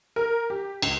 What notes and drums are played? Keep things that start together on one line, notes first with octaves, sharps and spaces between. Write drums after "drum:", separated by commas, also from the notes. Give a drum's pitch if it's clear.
A#4
G4
C#2, drum: cymbal